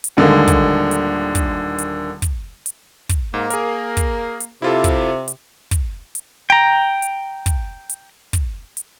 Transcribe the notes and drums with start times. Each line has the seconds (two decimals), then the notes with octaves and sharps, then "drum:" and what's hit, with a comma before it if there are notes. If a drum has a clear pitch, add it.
0.04 drum: hi-hat
0.17 D#1 D3 D#3 G#3 A#3
0.48 drum: kick, hi-hat
0.91 drum: hi-hat
1.35 drum: kick, hi-hat
1.78 drum: hi-hat
2.22 drum: kick, hi-hat
2.66 drum: hi-hat
3.09 drum: kick, hi-hat
3.34 G#2 A#3
3.50 G#4 A#4, drum: hi-hat
3.97 drum: kick, hi-hat
4.40 drum: hi-hat
4.62 C3 E4 F4 A4
4.84 drum: kick, hi-hat
5.28 drum: hi-hat
5.71 drum: kick, hi-hat
6.15 drum: hi-hat
6.50 G5 A#5
7.02 drum: hi-hat
7.46 drum: kick, hi-hat
7.89 drum: hi-hat
8.33 drum: kick, hi-hat
8.77 drum: hi-hat